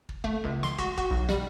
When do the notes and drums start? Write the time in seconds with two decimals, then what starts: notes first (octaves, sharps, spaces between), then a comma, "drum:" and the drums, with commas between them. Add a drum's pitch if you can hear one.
0.09 drum: kick
0.24 A3, drum: kick
0.44 C#2
0.63 C6, drum: snare
0.78 F#4, drum: kick
0.98 F#4, drum: kick
1.10 B1
1.29 G3, drum: snare